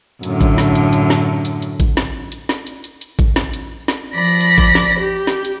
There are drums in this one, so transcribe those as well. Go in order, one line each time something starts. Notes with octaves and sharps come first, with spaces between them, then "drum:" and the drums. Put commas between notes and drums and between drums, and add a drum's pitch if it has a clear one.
F#2 A2 D3, drum: hi-hat
drum: kick A1, hi-hat
drum: snare
drum: hi-hat
drum: hi-hat
drum: snare
drum: hi-hat
drum: hi-hat
drum: kick A1, hi-hat
drum: snare
drum: hi-hat
drum: snare
drum: hi-hat
drum: hi-hat
drum: hi-hat
drum: kick A1, hi-hat
drum: snare
drum: hi-hat
drum: snare
F3 D5 B5 A#6
drum: hi-hat
drum: kick A1, hi-hat
drum: snare
G4
drum: snare
drum: hi-hat